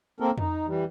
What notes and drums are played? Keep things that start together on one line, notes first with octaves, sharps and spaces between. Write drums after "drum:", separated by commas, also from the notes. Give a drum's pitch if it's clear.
A#3 C4 A4 A#4
D#4, drum: tom F2
E3 G3